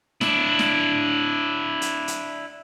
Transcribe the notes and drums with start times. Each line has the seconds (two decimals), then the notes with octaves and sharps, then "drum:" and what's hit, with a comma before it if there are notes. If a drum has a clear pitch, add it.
0.21 D4 E4, drum: snare
0.59 drum: snare
1.82 drum: hi-hat
2.08 drum: hi-hat